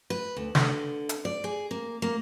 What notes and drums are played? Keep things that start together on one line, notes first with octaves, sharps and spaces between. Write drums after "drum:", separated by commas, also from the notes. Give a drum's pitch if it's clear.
B4
D2
D3, drum: snare
drum: hi-hat
D5
G#4
A#3
A#3